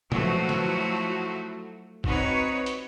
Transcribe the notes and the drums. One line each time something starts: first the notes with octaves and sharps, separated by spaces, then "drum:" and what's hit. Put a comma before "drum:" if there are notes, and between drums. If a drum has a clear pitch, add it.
F3 F#3 A3 E4 F#4, drum: tom A#2
drum: snare
C4 D#4 F#4 B4 C#5, drum: kick
drum: hi-hat